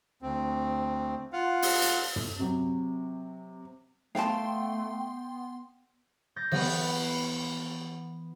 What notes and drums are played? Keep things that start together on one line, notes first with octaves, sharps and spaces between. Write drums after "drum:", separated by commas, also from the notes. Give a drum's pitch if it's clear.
D2 C4
F4 F5 F#5
drum: open hi-hat
drum: hi-hat
drum: tom
C3 F#3
A3 B3 F5 G5 A5 C6, drum: snare
G6 A6 A#6
E3 B3, drum: cymbal